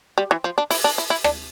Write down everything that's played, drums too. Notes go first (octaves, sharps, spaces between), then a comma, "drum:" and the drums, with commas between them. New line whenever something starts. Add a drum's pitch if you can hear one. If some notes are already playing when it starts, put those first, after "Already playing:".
G3
E3
F3
D4
E4, drum: open hi-hat
D4
E4
E4
D4, drum: rim click